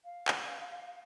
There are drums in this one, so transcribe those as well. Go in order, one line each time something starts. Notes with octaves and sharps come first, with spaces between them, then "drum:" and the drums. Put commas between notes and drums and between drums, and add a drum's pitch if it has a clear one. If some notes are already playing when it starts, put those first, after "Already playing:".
F5
drum: clap